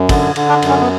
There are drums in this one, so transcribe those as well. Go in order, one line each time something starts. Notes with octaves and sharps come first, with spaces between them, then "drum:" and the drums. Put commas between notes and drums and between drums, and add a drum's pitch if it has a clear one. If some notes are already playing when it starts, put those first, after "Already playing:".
Already playing: F#2
D3, drum: kick, cymbal
D3, drum: cymbal
D4
F#2, drum: cymbal
C#4
B3